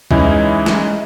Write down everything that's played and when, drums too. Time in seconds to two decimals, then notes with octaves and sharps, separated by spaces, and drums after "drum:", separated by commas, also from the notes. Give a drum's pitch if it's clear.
0.11 E3 G#3 C#4 D#4 E4, drum: kick
0.66 drum: snare